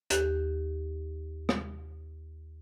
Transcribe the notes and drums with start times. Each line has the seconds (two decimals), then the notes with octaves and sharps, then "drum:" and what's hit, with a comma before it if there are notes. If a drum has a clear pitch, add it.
0.10 D#2 G4 F#6, drum: hi-hat
1.49 drum: rim click